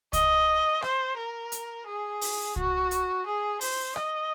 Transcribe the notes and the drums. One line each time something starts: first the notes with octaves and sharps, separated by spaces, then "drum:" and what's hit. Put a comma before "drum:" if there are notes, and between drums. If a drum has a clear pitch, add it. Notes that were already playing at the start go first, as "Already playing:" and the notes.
D#5, drum: kick C2, hi-hat
C5, drum: rim click
A#4
drum: hi-hat
G#4
drum: open hi-hat
F#4, drum: kick C2
drum: hi-hat
G#4
C5, drum: open hi-hat
D#5, drum: rim click